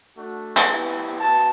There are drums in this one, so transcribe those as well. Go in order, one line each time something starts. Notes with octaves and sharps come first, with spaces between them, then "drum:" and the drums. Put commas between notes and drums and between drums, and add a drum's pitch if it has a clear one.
A3 D4 F#4
drum: clap
B3 E4 G4
B3 F#4 A5